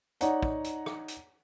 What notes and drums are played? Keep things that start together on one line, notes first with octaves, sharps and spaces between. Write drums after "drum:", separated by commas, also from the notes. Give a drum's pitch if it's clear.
D#4 C#5 D5 F#5 A#5, drum: hi-hat
drum: kick
drum: hi-hat
drum: rim click
drum: hi-hat